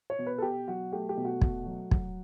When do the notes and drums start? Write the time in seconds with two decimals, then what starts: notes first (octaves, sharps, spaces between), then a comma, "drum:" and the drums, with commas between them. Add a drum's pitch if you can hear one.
0.10 C#5
0.19 B2
0.26 B4
0.38 A4
0.42 B2 G4
0.67 F#3 F#4
0.92 A3 G4
1.09 G4
1.17 B2
1.25 F#4
1.42 A3, drum: kick
1.66 F#3
1.91 F#3, drum: kick